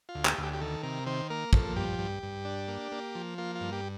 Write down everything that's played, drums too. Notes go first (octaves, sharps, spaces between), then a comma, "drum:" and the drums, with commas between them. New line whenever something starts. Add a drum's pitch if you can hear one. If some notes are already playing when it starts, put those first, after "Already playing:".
F4
D2
G4, drum: clap
D2
G4
G4
D#3 A4
C3 A#4
D#3 C5
A#3 A#4
F3 A4, drum: kick
G2 G4
G2
G2
D4
A#3
A#3
F3
A#3 F4
F4
G2
G4